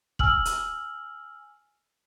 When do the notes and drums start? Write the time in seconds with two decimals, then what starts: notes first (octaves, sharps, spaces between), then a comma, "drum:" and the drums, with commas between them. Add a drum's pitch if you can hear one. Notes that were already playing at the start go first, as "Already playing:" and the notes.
0.19 G#5 E6 F6 F#7, drum: kick
0.45 drum: hi-hat